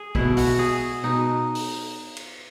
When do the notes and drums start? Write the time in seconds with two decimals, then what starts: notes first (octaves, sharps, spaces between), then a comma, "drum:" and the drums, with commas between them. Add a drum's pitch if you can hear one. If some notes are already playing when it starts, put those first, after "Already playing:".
Already playing: G#4
0.15 B2 E4, drum: kick
0.37 F#4, drum: open hi-hat
0.59 G#4
1.03 B2 D#4
1.55 drum: open hi-hat
2.17 drum: cymbal